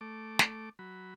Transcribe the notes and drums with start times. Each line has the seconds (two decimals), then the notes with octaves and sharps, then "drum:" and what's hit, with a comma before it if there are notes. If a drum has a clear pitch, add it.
0.01 A3 D6
0.39 drum: snare
0.79 F#3 B5